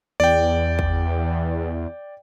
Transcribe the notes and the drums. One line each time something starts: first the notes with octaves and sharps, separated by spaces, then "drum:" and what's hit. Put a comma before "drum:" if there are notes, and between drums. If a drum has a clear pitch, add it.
E2 D5 G5
drum: kick